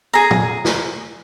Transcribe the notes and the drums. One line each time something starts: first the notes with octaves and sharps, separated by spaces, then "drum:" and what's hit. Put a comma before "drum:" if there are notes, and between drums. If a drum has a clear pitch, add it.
G#4 A#5
drum: tom
drum: snare